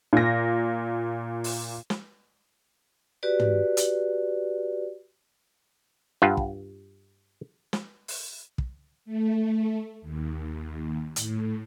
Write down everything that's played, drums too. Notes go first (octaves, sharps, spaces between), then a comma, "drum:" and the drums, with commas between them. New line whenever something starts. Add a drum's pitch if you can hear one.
A#2 A#6
drum: open hi-hat
drum: snare
F#4 G4 B4 D5
drum: tom
drum: hi-hat
G2 F4 F#5
drum: kick
drum: snare
drum: open hi-hat
drum: kick
A3
D#2
A2, drum: hi-hat